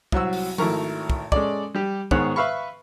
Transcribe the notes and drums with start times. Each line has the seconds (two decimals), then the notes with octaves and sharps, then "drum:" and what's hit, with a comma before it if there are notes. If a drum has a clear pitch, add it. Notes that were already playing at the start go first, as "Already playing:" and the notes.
0.12 C2 F#3 F#4 E6, drum: kick
0.33 drum: open hi-hat
0.58 G#1 A3 E4 A#4 A#5 C#6, drum: tom F3
1.10 drum: kick
1.32 G#3 C#4 A4 D5, drum: kick
1.75 G3 G4
2.11 G#2 D#3 B3 G#4 C#5 F#6, drum: kick
2.36 B4 E5 F5 B5 C#6